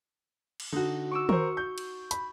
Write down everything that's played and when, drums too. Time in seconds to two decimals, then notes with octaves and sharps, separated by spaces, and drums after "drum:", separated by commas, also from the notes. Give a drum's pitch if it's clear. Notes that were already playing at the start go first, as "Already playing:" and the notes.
0.60 drum: cymbal
0.72 D3 D#4 F#4
1.11 C#6 D6 E6
1.29 A#4 C5 C#6, drum: tom D#3
1.57 G6
1.78 drum: cymbal
2.11 B5, drum: hi-hat